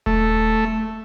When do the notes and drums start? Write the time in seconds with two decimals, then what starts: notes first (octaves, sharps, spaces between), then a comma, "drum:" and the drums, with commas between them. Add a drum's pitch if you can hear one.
0.06 A3, drum: kick D#1